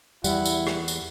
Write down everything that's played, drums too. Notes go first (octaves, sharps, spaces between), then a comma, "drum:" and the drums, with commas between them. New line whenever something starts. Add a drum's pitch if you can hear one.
E2 G3 E4 F#5, drum: tambourine
drum: tambourine
drum: rim click
drum: tambourine